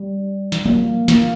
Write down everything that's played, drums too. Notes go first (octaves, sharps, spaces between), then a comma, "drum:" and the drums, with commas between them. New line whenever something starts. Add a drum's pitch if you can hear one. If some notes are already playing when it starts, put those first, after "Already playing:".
Already playing: G3
drum: snare
A#3, drum: tom F3
A#3, drum: snare